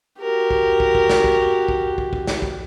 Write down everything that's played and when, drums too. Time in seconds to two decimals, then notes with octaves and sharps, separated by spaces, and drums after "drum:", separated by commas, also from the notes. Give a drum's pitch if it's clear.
0.21 F#4 G4 A#4
0.51 drum: kick
0.80 drum: kick
0.95 drum: kick
1.10 drum: snare
1.24 drum: kick
1.68 drum: kick
1.98 drum: kick
2.13 drum: kick
2.27 drum: snare
2.42 drum: kick